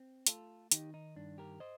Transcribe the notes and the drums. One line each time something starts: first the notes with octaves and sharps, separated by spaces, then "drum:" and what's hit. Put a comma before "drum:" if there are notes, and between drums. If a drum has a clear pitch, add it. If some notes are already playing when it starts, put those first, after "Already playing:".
Already playing: C4
A3 F4 A4, drum: hi-hat
D#3 D#4 G4, drum: hi-hat
D#4
G2 D4
G4 A#4
C5 D#5